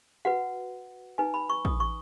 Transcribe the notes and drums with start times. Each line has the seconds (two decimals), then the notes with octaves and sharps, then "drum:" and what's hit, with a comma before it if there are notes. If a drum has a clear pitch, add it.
0.25 F#4 B4 F#5
1.18 D#4 B4 G#5
1.34 B5
1.50 C#6
1.65 D#6, drum: kick
1.80 C#6